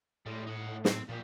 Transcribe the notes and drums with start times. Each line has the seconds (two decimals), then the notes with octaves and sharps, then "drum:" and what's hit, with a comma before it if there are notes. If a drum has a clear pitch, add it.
0.26 A2 G3 G#3
0.47 D#4 F#5
0.85 C4, drum: snare
1.09 A#2 F3 G4